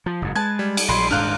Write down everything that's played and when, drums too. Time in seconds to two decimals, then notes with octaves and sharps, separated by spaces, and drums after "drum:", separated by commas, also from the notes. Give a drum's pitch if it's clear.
0.06 F3
0.22 F#1 G#2
0.36 G#3 B4 A5 G#6
0.59 G3
0.77 drum: cymbal
0.88 A#1 F#3 D#5 B5 C6
1.11 D#1 G#2 D4 C5 F5 A#5 F6 F#6